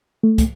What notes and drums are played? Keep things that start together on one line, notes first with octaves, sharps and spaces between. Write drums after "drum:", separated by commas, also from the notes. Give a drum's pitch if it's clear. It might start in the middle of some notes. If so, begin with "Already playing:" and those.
A3
drum: kick, hi-hat